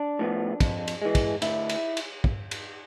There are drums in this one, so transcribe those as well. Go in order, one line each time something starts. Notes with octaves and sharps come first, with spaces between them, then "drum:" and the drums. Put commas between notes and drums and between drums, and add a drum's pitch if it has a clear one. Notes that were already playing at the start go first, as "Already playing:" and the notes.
Already playing: D4
A2 F3 B3
F2, drum: kick, cymbal
drum: cymbal
E3 G#3
drum: kick, cymbal
D2 E4, drum: cymbal
drum: cymbal
drum: cymbal
drum: kick
drum: cymbal